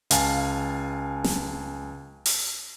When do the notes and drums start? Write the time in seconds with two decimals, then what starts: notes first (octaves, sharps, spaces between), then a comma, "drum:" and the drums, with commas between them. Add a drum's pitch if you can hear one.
0.11 C#2 F5 G#5 A5, drum: hi-hat
1.24 drum: snare
2.26 drum: open hi-hat